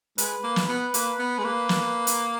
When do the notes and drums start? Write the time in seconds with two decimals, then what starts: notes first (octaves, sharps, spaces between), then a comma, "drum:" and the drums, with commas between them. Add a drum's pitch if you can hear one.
0.18 G#3 B4, drum: hi-hat
0.43 A#3
0.56 drum: snare
0.69 B3
0.94 A#3, drum: hi-hat
1.19 B3
1.38 G#3
1.44 A#3
1.69 drum: snare
2.07 drum: hi-hat